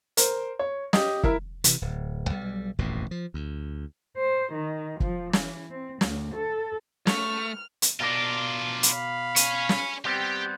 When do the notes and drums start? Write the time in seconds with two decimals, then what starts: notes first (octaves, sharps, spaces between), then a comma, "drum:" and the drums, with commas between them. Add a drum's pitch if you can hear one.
0.17 A#4 C5, drum: hi-hat
0.59 C#5
0.93 G4 D#5 D#6, drum: snare
1.23 E4 A#4 E5, drum: kick
1.64 C3 E3, drum: hi-hat
1.82 D1
2.29 B1 G3
2.79 D#1 A1 F2 B2
3.11 F3
3.34 D2
4.16 C5
4.52 D#3
5.00 F3, drum: kick
5.33 E3, drum: snare
5.70 C4
6.01 D2, drum: snare
6.35 A4
7.07 A3 C#6 F6, drum: snare
7.82 drum: hi-hat
8.00 B2 D4 F4 A#4 D5
8.83 F5 B5, drum: hi-hat
9.36 C#5 G#5, drum: hi-hat
9.69 drum: snare
10.05 G3 B3 C4 G4